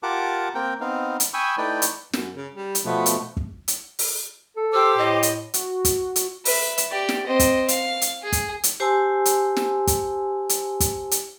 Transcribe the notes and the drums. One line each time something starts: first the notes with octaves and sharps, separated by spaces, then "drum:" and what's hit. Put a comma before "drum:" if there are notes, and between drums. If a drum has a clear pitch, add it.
F4 G4 A#4 F#5 A5 D6
A#3 C4 A#4 G5
B3 C4 D#4 F5
drum: hi-hat
G5 G#5 B5 C#6 D#6 E6
A3 D#4 E4 B4 D5 G5
drum: hi-hat
F#2, drum: snare
C#3
G3
drum: hi-hat
B2 F3 A3 B3
drum: hi-hat
drum: kick
drum: hi-hat
drum: open hi-hat
A4
G4 C5 D6 E6
A2 D#5
drum: hi-hat
F#4, drum: hi-hat
drum: kick, hi-hat
drum: hi-hat
B4 E5, drum: open hi-hat
drum: hi-hat
G4 D5
drum: snare
C4 D#5
drum: kick, hi-hat
F5, drum: hi-hat
drum: hi-hat
G#4
drum: kick, hi-hat
drum: hi-hat
G4 C5 G#5 A5 C6 E6
drum: hi-hat
drum: snare
drum: kick, hi-hat
drum: hi-hat
drum: kick, hi-hat
drum: hi-hat